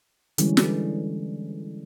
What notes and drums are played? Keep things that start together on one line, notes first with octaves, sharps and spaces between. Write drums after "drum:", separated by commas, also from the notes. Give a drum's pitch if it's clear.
D3 E3 G3 G#3 C#4, drum: hi-hat
drum: snare